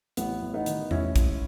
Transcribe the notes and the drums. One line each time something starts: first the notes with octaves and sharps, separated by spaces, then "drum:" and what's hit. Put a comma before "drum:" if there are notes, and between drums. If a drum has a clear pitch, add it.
A1 B3, drum: hi-hat
A1
B3 D#4
D#3, drum: hi-hat
A1 C#4 E4, drum: tom E2
G#2, drum: kick, hi-hat